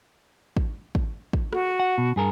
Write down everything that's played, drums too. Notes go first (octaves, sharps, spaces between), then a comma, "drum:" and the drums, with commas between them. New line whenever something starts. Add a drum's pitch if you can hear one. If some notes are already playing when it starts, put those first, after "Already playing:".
drum: kick
drum: kick
drum: kick
F#4, drum: rim click
F#5
B2
G2 G#4 A#4